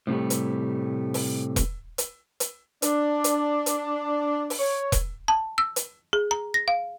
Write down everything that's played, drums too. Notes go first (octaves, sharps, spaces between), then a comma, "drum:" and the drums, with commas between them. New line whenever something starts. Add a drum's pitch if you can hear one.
A2 C3 G3 A3
drum: hi-hat
drum: open hi-hat
drum: kick E1, hi-hat
drum: hi-hat
drum: hi-hat
D4, drum: hi-hat
drum: hi-hat
drum: hi-hat
drum: open hi-hat
C#5
drum: kick E1, hi-hat
A5
E6
drum: hi-hat
G#4
A#5
A#6
F5